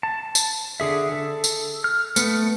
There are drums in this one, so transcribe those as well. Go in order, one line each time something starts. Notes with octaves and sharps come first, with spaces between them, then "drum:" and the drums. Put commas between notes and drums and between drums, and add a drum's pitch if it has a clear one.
A5
drum: tambourine
D3 G#4 E5
A4
drum: tambourine
F6
A3 B3, drum: tambourine